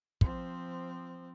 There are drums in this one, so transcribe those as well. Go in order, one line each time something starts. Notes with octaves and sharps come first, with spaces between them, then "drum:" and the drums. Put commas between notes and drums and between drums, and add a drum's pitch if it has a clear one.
F3 C4, drum: kick